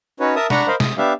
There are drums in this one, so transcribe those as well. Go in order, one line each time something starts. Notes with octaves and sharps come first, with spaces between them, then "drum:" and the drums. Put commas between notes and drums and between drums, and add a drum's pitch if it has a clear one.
C#4 D#4 F#4 B4 C#5
A#4 E5 A5 D#6
D4 F#5 A#5 B5 C#6, drum: snare
A#4 C5 D#5 F5 B5
D#6, drum: snare
B3 D4 G4 E5 F5